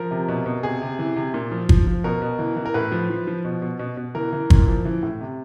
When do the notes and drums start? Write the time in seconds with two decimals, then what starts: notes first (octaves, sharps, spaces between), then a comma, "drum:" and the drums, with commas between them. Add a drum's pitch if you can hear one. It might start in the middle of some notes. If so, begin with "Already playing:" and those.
Already playing: F3 A#4
0.11 C3
0.29 B2
0.46 B2
0.63 C3 G#4
0.82 C3
0.99 E3
1.16 C3
1.34 A#2
1.51 F3
1.69 F3, drum: kick G1
1.87 F3
2.04 B2 A#4
2.22 B2
2.39 E3
2.56 E3
2.66 A#4
2.74 A2 B4
2.92 F3
3.10 F3
3.27 F3
3.45 B2
3.62 B2
3.79 B2
3.97 B2
4.15 E3 A#4
4.33 E3
4.50 A#2, drum: kick G1
4.67 F3
4.85 E3
5.03 A2
5.21 C3